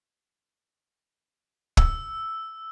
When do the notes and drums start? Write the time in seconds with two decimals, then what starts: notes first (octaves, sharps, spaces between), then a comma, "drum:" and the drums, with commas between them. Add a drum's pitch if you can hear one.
1.77 E6, drum: kick